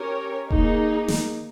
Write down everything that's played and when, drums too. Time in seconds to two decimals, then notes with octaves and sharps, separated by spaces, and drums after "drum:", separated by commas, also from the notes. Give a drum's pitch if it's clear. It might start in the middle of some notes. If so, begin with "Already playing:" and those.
Already playing: C#4 G4 A#4 C#5
0.50 A#3 D#4 G#4, drum: kick E1
1.08 drum: snare